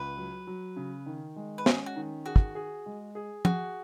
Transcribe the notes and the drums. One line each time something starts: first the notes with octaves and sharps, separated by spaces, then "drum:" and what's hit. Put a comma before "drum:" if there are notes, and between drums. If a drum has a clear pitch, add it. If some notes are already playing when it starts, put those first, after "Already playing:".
Already playing: C#2 B4
F#3
F#3
C#3
D#3
G#3
B4
C#4 G#4, drum: snare
F#4
D#3
F#4 G#4
drum: kick
G#4
G#3
G#4
F#4 G#4, drum: tom